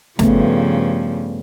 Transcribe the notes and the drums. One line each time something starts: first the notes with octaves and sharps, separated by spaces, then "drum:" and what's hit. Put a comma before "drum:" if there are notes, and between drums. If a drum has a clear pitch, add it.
G2 C#3 F3 A3 B3, drum: snare